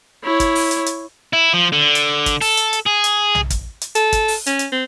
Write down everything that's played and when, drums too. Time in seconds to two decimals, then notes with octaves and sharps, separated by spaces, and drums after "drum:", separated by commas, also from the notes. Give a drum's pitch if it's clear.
0.24 E4 C#5
0.40 drum: kick, hi-hat
0.55 drum: open hi-hat
0.71 drum: hi-hat
0.86 drum: hi-hat
1.33 E4
1.54 F3
1.72 D3
1.95 drum: hi-hat
2.26 drum: kick, hi-hat
2.41 A4, drum: open hi-hat
2.57 drum: hi-hat
2.73 drum: hi-hat
2.86 G#4
3.04 drum: hi-hat
3.35 drum: tom B1
3.50 drum: kick, hi-hat
3.81 drum: hi-hat
3.95 A4, drum: hi-hat
4.13 drum: kick, hi-hat
4.28 drum: open hi-hat
4.46 C#4, drum: hi-hat
4.59 drum: hi-hat
4.72 C4